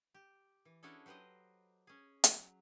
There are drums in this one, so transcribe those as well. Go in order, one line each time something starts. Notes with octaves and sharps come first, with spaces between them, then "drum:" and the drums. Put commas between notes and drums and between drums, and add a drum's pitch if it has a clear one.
G4
E3
C#4 D4 E4 F#4 G#4 A4
F#3 G4 B4 C5 D#5
C#4 G#4
F#3, drum: hi-hat